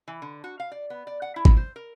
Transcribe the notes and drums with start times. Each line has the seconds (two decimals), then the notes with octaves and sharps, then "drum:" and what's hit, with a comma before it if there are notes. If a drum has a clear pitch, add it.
0.08 E3
0.22 D3
0.44 F#4
0.60 F5
0.71 D5
0.90 B3
1.07 D5
1.22 F#5
1.36 E4
1.45 drum: kick
1.57 C5
1.76 A#4